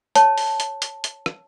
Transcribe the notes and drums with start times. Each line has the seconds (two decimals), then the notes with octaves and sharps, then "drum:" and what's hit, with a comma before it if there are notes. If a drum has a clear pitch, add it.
0.15 C#5 A5, drum: hi-hat
0.38 drum: open hi-hat
0.60 drum: hi-hat
0.82 drum: hi-hat
1.04 drum: hi-hat
1.26 drum: rim click